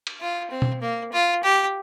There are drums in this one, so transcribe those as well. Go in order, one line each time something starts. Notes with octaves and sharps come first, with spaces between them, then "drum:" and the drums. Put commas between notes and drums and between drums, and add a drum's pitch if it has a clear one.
drum: cymbal
F4
C4
drum: tom
A#3
F4
G4